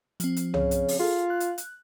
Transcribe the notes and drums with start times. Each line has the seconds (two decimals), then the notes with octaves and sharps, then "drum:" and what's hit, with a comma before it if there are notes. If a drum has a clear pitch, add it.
0.20 F3 C4, drum: hi-hat
0.36 drum: hi-hat
0.54 C#3, drum: tom C2
0.71 drum: hi-hat
0.88 drum: open hi-hat
0.99 F4 G#4 A4
1.30 F#6
1.40 drum: hi-hat
1.58 drum: hi-hat